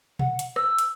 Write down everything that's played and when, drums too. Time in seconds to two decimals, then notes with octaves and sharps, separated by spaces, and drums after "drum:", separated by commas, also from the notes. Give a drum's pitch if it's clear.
0.19 F#5, drum: tom B2
0.39 drum: hi-hat
0.56 E6, drum: rim click
0.78 drum: hi-hat